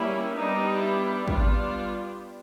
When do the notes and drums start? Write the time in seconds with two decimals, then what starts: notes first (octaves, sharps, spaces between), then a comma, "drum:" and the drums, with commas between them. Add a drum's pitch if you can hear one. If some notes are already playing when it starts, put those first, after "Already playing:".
Already playing: G3 A#3 C#4 E4
0.37 G3 B3 D4 D#4
0.82 E4
1.28 G3 B3 D4 F4, drum: kick